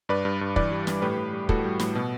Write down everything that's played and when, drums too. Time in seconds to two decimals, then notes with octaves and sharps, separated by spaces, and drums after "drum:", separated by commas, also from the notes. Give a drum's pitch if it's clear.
0.09 G2 B4 D5
0.25 G2
0.41 G2
0.56 E3 B4 D5, drum: kick
0.71 G3
0.87 G2, drum: snare
1.02 A2 G4 B4
1.17 A2
1.33 G3
1.49 A2 F#4 A4, drum: kick
1.64 G3
1.79 A2, drum: snare
1.95 B2